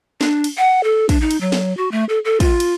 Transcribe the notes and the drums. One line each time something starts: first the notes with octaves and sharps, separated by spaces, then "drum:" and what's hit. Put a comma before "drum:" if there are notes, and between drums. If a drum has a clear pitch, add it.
D4, drum: snare
drum: cymbal
F#5
A4
D4, drum: kick, cymbal
D#4
drum: cymbal
F#3
drum: snare
F#4
A3
A4
A4
F4, drum: kick, cymbal
drum: cymbal